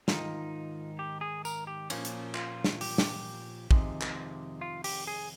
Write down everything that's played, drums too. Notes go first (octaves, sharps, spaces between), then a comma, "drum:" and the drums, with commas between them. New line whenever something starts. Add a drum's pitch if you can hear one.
G#2 D#3 D#4 F4, drum: snare
G4
G#4
A#4, drum: tambourine
G4
A#2 F3 A#3 C#4, drum: cymbal
drum: hi-hat
F4, drum: clap
drum: snare
G4, drum: open hi-hat
drum: snare
F2 C3 D#3 G#3, drum: kick
drum: clap
F4
G4, drum: open hi-hat
G#4